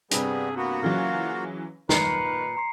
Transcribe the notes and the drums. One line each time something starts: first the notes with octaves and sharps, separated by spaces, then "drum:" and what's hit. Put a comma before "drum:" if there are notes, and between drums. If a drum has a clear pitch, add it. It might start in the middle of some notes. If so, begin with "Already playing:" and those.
G2 C3 G3 B3 G#4, drum: hi-hat
A#3 B3 F#4
C#3 E3 F#3 F4
A#2 D#3 B4 A#5 C7 C#7, drum: snare
A#5 C6 C7